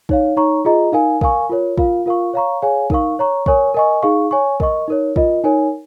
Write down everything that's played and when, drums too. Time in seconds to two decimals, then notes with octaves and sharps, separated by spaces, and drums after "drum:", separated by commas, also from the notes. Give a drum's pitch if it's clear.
0.09 D#4 C#5 F5, drum: kick
0.37 D#4 C#5 A#5 C#6
0.65 F4 G#4 D#5 A#5
0.92 D#4 A#4 F5 G#5
1.21 A#4 F5 G#5 C#6, drum: kick
1.50 F4 A#4 C#5
1.77 F4 A#4 F5, drum: kick
2.06 F4 A#4 F5 C#6
2.34 C#5 F5 A#5 C#6
2.62 G#4 C#5 F5 G#5
2.90 D#4 A#4 F5 C#6, drum: kick
3.19 C#5 A#5 C#6
3.46 A#4 C#5 G#5 C#6, drum: kick
3.74 A#4 D#5 G#5 C#6
4.03 D#4 G#4 F5 C#6
4.31 C#5 G#5 C#6
4.60 A#4 D#5 C#6, drum: kick
4.88 D#4 A#4 C#5
5.16 F4 A#4 D#5, drum: kick
5.44 D#4 A#4 C#5 G#5